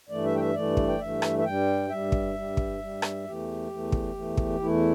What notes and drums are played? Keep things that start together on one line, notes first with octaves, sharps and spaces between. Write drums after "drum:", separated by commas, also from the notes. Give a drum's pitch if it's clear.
G2 E3 A3 D5
E5
G5
E5
G2 E3 A3 D5
drum: kick
G5
G2 E3 A3 E5
drum: rim click
E5
G2 G3 G5
G2 G3 E5
drum: kick
G2 G3
drum: kick
G2 G3
drum: rim click
E2 E3 A3 G4
E2 E3 A3
drum: kick
E2 E3 A3
drum: kick
E2 E3 A3 E4